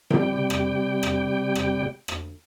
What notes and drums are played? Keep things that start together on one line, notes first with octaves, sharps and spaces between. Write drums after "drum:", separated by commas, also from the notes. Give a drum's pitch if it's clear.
C3 G3 G5, drum: tom C3
drum: rim click
drum: rim click
drum: rim click
drum: rim click